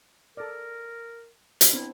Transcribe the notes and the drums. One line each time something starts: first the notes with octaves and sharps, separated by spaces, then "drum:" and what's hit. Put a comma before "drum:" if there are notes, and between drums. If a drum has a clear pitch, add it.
A4 A#4 D5
drum: hi-hat
B3 C4 D4 E4